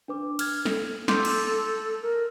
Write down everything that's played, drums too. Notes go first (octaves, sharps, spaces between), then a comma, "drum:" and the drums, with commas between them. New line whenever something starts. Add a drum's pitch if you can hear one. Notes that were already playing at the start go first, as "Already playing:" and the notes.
D4 B4 D6
F6 G#6, drum: cymbal
A4, drum: snare
A4 C6 D6 G6, drum: snare
drum: cymbal
A#4